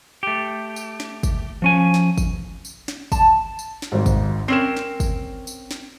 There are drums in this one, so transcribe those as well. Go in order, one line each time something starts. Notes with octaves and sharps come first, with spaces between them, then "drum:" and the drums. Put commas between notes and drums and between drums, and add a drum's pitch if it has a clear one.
A3 G4
drum: tambourine
drum: snare
drum: kick, tambourine
F3 C#4 G#5
drum: snare
drum: kick, tambourine
drum: tambourine
drum: snare
A5, drum: kick, tambourine
drum: tambourine
drum: snare
G#1 G#2
drum: kick, tambourine
C4 C#4 A#4 C7 E7
drum: snare
drum: kick, tambourine
drum: tambourine
drum: snare